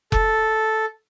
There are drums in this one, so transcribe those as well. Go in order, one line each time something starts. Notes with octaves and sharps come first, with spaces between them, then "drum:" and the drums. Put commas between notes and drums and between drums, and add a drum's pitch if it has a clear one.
A4, drum: kick F1